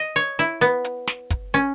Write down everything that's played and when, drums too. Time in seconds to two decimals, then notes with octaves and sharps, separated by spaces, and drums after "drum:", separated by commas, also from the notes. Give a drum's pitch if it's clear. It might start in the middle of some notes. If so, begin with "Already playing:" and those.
Already playing: D#5
0.16 C#5
0.39 E4
0.61 B3
0.84 drum: hi-hat
1.07 drum: snare
1.30 drum: kick, hi-hat
1.54 C#4